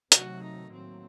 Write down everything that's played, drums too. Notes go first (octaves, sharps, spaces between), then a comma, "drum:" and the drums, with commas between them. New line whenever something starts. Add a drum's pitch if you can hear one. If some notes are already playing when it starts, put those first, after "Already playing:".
C3 D#3 F#3 A3 F#4, drum: hi-hat
D#4
A2 F#3 A#3 C4